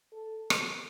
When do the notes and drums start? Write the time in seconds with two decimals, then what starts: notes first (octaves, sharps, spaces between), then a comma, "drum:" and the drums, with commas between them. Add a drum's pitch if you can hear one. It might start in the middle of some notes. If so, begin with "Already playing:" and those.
0.13 A4
0.50 drum: rim click